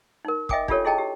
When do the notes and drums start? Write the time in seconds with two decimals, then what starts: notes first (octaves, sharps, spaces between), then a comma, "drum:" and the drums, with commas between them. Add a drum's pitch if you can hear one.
0.25 D#4 A#4
0.49 D#5 E5 G5 G#5 D6 D#6, drum: kick
0.68 D4 F4 G4 A4 C#5, drum: kick
0.85 E4 G#4 D#5 G5 A5
0.98 G4